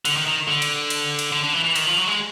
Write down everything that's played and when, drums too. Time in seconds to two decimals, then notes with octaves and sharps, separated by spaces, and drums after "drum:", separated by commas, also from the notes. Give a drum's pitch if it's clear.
0.05 D3, drum: cymbal
0.16 D#3
0.27 D#3
0.48 D3
0.62 drum: cymbal
0.90 drum: cymbal
1.19 drum: cymbal
1.32 D3
1.44 D3
1.54 E3
1.64 E3
1.76 D#3, drum: cymbal
1.87 F3
1.97 F#3
2.07 G#3